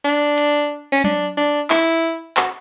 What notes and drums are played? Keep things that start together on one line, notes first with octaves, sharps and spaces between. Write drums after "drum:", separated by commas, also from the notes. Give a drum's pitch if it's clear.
D4
drum: hi-hat
C#4
D4, drum: tom F#3
D4
E4, drum: clap
F#4, drum: clap